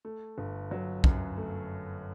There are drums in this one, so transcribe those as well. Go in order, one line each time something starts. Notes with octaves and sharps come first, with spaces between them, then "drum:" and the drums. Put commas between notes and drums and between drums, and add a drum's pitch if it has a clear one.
A3
G1
F#3
F#2, drum: kick
A3